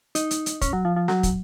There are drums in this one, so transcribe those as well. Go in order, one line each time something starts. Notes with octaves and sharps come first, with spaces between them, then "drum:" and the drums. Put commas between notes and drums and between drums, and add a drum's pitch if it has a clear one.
D#4, drum: hi-hat
drum: hi-hat
drum: hi-hat
C#4, drum: kick, hi-hat
F#3
F3
F3
F#3, drum: snare
drum: kick, hi-hat